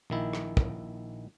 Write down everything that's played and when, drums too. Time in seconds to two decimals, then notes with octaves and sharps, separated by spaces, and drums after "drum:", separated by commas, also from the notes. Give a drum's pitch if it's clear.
0.10 A#1 D#3 E4
0.33 drum: rim click
0.57 drum: kick